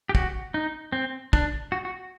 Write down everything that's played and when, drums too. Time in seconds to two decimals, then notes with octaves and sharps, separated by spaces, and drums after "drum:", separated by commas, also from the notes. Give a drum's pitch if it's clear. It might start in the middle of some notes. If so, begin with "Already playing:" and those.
0.09 G4
0.15 F#4, drum: kick
0.54 D#4
0.92 C4
1.33 D4, drum: kick
1.72 F#4
1.85 F#4